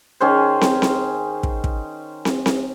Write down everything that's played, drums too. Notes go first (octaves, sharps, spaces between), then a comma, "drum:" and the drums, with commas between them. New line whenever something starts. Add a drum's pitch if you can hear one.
D#3 C#4 G#4 C5
drum: snare
drum: snare
drum: kick
drum: kick
drum: snare
drum: snare